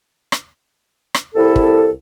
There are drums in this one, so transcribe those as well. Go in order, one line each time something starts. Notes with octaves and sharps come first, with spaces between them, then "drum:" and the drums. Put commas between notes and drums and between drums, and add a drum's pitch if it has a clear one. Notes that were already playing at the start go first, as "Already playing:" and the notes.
drum: rim click
drum: rim click
C2 E4 A4
drum: kick